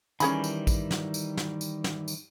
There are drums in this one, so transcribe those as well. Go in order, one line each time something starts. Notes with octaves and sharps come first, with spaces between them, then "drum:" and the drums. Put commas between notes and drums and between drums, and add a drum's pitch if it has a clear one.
D#3 E3 G3 C#4 G#4 B5, drum: tambourine
drum: tambourine
drum: kick, tambourine
drum: snare
drum: tambourine
drum: snare
drum: tambourine
drum: snare
drum: tambourine